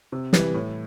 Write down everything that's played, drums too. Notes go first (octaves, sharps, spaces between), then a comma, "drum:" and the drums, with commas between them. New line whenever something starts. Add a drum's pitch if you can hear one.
C3
E3 G3, drum: snare
A2